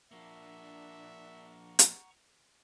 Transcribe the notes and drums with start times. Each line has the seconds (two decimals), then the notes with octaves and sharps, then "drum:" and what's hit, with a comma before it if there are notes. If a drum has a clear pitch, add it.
0.11 F3 A#3 D4 E5 F#5 A#5 C#6
1.79 drum: hi-hat